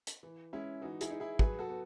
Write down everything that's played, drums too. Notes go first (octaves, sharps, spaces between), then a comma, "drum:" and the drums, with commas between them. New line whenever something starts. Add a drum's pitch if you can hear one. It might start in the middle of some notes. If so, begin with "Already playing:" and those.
drum: hi-hat
E3
G#3 C#4 E4
E3 D#4 F#4
E4 G#4, drum: hi-hat
D#4
E4 G#4
F#3 G#4 B4, drum: kick
F#4 A4
B3